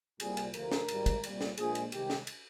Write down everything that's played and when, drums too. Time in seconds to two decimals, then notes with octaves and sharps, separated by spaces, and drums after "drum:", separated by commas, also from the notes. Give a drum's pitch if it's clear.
0.20 C2 A#2 G3 G#4, drum: cymbal
0.37 drum: cymbal
0.54 D2 C3 F3 A#4, drum: cymbal
0.72 drum: snare
0.88 G#1 G#2 G3, drum: cymbal
1.06 drum: kick, cymbal
1.24 C2 A#2 G3, drum: cymbal
1.41 drum: snare
1.58 A#1 A#2 F3 G#3 G#4, drum: cymbal
1.75 drum: cymbal
1.92 C2 C3 D#3 G#3 G4, drum: cymbal
2.10 drum: snare
2.27 drum: cymbal